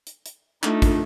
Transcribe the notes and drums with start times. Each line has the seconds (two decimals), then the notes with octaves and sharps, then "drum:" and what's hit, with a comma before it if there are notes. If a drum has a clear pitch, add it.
0.07 drum: hi-hat
0.26 drum: hi-hat
0.63 A3 D4 D#4 F4, drum: clap
0.82 drum: kick, hi-hat